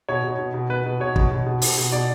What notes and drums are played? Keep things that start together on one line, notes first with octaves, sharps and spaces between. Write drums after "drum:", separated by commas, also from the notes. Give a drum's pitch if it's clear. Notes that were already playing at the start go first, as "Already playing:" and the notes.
B2 C#5
B2
B2
B2
B2 B4
B2
B2 C#5
B2, drum: kick
B2
B2
B2, drum: open hi-hat
B2
B2 D5